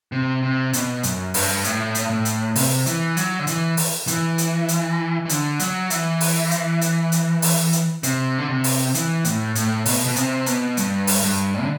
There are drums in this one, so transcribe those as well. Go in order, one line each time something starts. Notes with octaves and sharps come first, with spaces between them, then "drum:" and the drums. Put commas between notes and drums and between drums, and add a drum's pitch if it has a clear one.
C3
C3
B2, drum: hi-hat
F#2, drum: hi-hat
G2, drum: open hi-hat
A2, drum: hi-hat
drum: hi-hat
A2
drum: hi-hat
C3, drum: open hi-hat
E3, drum: hi-hat
F#3, drum: hi-hat
D3
E3, drum: hi-hat
drum: open hi-hat
E3, drum: hi-hat
drum: hi-hat
drum: hi-hat
E3
D3, drum: hi-hat
F#3, drum: hi-hat
E3, drum: hi-hat
drum: open hi-hat
drum: hi-hat
drum: hi-hat
drum: hi-hat
drum: open hi-hat
drum: hi-hat
C3, drum: hi-hat
D3
C3
drum: open hi-hat
E3, drum: hi-hat
A2, drum: hi-hat
A2, drum: hi-hat
B2, drum: open hi-hat
B2
C3, drum: hi-hat
B2, drum: hi-hat
G2, drum: hi-hat
drum: open hi-hat
G2
D3